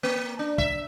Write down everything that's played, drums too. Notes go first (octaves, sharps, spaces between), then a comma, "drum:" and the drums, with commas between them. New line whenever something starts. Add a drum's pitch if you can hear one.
A#3
D4
E5, drum: kick